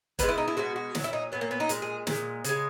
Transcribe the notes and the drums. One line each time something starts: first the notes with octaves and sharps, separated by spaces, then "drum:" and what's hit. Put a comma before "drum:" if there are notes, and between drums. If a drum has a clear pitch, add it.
B2 G#3 B4, drum: kick, hi-hat
E4
D#4
E4
B2 G#3 F#4
F#4
A#2 F#3 F#4, drum: snare
E4
D#4
A#2 F#3 B3
A#3
B3
D#4
A#2 G#3, drum: hi-hat
G#4
A#2 G#3, drum: snare
C#3 G#3, drum: hi-hat